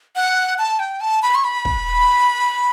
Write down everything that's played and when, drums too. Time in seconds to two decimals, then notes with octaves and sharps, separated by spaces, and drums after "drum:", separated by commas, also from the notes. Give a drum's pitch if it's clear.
0.16 F#5
0.58 A5
0.79 G5
1.01 A5
1.22 B5
1.35 C#6
1.44 B5
1.65 drum: kick